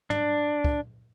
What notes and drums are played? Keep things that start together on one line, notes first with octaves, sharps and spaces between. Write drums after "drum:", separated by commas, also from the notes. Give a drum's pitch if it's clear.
D4, drum: tom
drum: kick